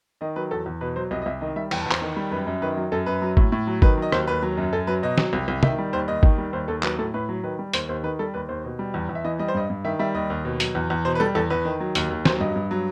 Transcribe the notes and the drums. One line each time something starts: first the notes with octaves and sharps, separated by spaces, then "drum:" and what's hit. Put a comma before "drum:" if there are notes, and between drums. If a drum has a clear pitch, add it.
D#3 D#5
F#3 B4
E2 A4
E2
B2 B4
F#3 C5
C2 D#5
D#5
C2 E5
D#3 D#5
G3 E5
E2 G5, drum: cymbal
A5
E2
C5, drum: clap
D#3
G3
F#2 B4
F#2
D#3 B4
F#3
F#2 A4
F#2 B4
F#3
A2, drum: kick G#1
A2
F#3
D#3 B4, drum: kick G#1
F#3 D#5
D#2 C5, drum: rim click
D#2 B4
F#3
F#2
F#2 A4
F#3 B4
B2 D#5
F#3, drum: snare
C2
C2
D#3 E5, drum: tom
G3
D#2 C5
D#2 D#5
D#3, drum: kick G#1
G3
D#2 C5
D#2 A4
F#3 B4, drum: clap
A2 A4
A2 B4
F#3
D#3 B4
G3
D#2 C5, drum: hi-hat
D#2 C5
D#3 B4
G3 A4
D#2 B4
D#2 C5
B2
G3
E2
E2
E5
E3 D#5
G3 D#5
C5
G2 D#5
G2
D#3 E5
G3 E5
D#2 D#5
D#2
B2
F#3, drum: hi-hat
E2
E2
B2 C5
B4
G3 A4
E2 A4
E2 B4
D#3
F#3
D#2, drum: hi-hat
D#2
F#3 C5, drum: snare
G2 D#5
G2
F#3